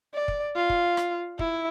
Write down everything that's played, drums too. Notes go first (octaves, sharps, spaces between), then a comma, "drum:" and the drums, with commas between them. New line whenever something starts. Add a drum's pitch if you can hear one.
D5
drum: kick
F4
drum: kick
drum: rim click
E4, drum: kick